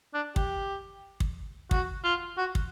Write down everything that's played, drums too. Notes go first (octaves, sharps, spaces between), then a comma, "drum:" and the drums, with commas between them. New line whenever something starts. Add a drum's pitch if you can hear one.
D4
G4, drum: kick
drum: kick
F#4, drum: kick
F4
F#4
drum: kick